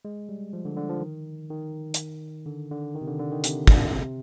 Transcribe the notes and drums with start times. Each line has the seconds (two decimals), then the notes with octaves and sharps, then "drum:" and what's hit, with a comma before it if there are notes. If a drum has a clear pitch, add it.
0.05 G#3
0.29 G3
0.53 F3
0.65 D3
0.77 D3
0.89 F3
1.01 D#3
1.50 D#3
1.94 drum: hi-hat
2.46 D3
2.71 D3
2.95 D#3
3.01 C3
3.07 D3
3.20 D3
3.32 D#3
3.44 C3, drum: hi-hat
3.67 D3, drum: kick
3.92 C3